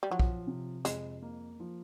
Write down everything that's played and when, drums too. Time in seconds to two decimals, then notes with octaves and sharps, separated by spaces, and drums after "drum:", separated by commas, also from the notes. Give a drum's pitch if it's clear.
0.03 G3
0.10 F3 F#3
0.19 drum: kick
0.47 C3
0.85 F2 G#3, drum: hi-hat
1.22 A#3
1.60 F3